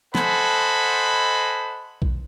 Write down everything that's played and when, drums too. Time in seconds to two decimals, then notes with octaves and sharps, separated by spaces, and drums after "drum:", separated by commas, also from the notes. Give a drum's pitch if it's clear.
0.15 A4 C5 D#5 F#5 G#5 B5, drum: snare
2.02 drum: kick